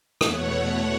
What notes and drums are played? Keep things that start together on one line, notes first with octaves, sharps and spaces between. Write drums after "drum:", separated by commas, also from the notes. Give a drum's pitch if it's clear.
E2 B2 A3 C#5 F#5, drum: rim click